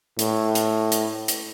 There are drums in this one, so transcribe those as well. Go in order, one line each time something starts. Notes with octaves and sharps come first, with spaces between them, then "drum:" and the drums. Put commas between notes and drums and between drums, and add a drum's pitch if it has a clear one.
A2, drum: hi-hat
drum: hi-hat
drum: hi-hat
drum: hi-hat